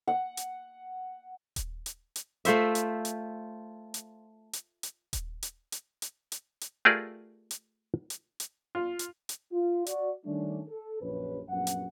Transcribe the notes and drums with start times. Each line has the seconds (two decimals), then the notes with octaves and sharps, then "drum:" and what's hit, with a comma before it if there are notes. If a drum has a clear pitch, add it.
0.08 F#5
0.37 drum: hi-hat
1.56 drum: kick D#1, hi-hat
1.86 drum: hi-hat
2.16 drum: hi-hat
2.45 A3 F4 C5 E5, drum: hi-hat
2.75 drum: hi-hat
3.05 drum: hi-hat
3.94 drum: hi-hat
4.53 drum: hi-hat
4.83 drum: hi-hat
5.13 drum: kick D#1, hi-hat
5.43 drum: hi-hat
5.72 drum: hi-hat
6.02 drum: hi-hat
6.32 drum: hi-hat
6.61 drum: hi-hat
6.85 A3 F4 G4 G#4 A#4 D5
7.51 drum: hi-hat
8.10 drum: hi-hat
8.40 drum: hi-hat
8.75 F4
8.99 drum: hi-hat
9.29 drum: hi-hat
9.52 F4
9.86 F#4 D5, drum: hi-hat
10.25 D#3 G3 A3 C#4 D4
10.68 A4
11.01 A#1 F#2 C#4 B4
11.49 A#1 F#2 B3 F#4 F#5
11.67 drum: hi-hat